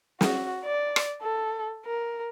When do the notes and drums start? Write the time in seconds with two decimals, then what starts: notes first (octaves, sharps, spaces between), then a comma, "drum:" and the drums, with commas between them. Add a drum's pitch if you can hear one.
0.21 F#4, drum: snare
0.65 D5
0.96 drum: rim click
1.22 A4
1.86 A#4